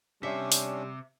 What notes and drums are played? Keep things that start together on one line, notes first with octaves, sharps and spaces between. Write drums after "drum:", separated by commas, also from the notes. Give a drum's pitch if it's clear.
C3 G3 C#4 D4 E5
drum: open hi-hat